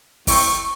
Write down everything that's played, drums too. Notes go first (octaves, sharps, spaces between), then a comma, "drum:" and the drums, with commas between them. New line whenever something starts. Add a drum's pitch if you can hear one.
A3 C4 E4 C#6, drum: kick, open hi-hat